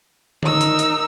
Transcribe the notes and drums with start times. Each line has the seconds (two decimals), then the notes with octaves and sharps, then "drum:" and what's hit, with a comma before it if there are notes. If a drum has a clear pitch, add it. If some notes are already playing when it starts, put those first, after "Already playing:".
0.43 D#4 A#4 E6, drum: tom D3
0.61 drum: hi-hat
0.79 drum: hi-hat